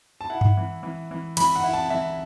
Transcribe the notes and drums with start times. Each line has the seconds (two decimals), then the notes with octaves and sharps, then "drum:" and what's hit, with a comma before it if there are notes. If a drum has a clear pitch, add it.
0.21 A5
0.30 E4 F#5
0.41 drum: tom G2
0.57 E3
0.83 E3
1.11 E3
1.37 E3 B5, drum: cymbal
1.55 F#5
1.64 E4
1.73 A5
1.90 E3 E5